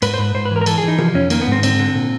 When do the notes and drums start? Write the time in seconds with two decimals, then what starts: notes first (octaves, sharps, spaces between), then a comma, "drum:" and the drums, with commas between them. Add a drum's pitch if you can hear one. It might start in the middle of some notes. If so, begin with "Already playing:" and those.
0.02 G#2 B4, drum: cymbal
0.14 C5
0.18 G#2 B4
0.34 G#2 C5
0.45 B4
0.51 E3 A#4
0.61 A#4
0.66 E3 A4, drum: cymbal
0.78 G#4
0.83 E3 D#4
0.98 F3, drum: tom C3
1.14 F2 C#4
1.30 D#3 A#3, drum: cymbal
1.41 B3
1.47 G#2
1.52 C4
1.63 D3 C4, drum: cymbal
1.79 D3
1.95 A#2